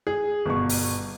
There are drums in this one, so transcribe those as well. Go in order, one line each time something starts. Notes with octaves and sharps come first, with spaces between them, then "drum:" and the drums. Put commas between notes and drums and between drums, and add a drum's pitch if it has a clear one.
G#4
G1 B2 C#6
drum: open hi-hat